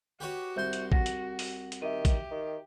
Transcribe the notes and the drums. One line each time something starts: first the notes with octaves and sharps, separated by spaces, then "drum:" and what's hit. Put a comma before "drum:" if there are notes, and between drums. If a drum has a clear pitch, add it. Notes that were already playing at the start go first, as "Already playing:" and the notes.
F#4 G4 B4 C#5
C2 C5 E5 C6 G6
drum: hi-hat
F#4 F#5 A#6, drum: kick A#1
drum: hi-hat
drum: open hi-hat
drum: hi-hat
D#3 G4 E5 D#7
drum: kick A#1, hi-hat
D#3